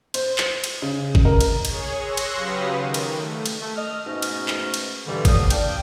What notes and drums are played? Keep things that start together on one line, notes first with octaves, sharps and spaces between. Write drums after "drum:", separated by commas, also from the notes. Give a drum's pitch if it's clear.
C5, drum: cymbal
drum: clap
drum: cymbal
C#3
drum: kick
A#4
drum: cymbal
G#4 C#5, drum: cymbal
C6 C#6 E6 F#6 A#6
drum: cymbal
C#3 F#3 G4 B4 F5 D#6
D#3
drum: cymbal
A3
drum: cymbal
A3
D#5 F6
G#2 B2 A3 C#4 D#4 F6
drum: cymbal
drum: clap
drum: cymbal
D2 G2 B2 D3 E3 G3
A2 D3 F3 A#3 D#6, drum: kick, cymbal
D4 D5 F5 G5, drum: cymbal